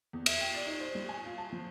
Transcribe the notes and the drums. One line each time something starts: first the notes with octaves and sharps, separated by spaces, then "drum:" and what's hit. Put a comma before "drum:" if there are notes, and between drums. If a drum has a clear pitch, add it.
E2
E5, drum: cymbal
G5
D5
D#4
C5
G3
G#5
F4
A5
F3